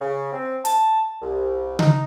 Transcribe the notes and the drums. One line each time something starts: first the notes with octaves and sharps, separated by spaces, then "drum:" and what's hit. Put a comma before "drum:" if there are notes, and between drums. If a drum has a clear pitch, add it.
C#3
C4
A5, drum: hi-hat
C2
D#4, drum: tom C#3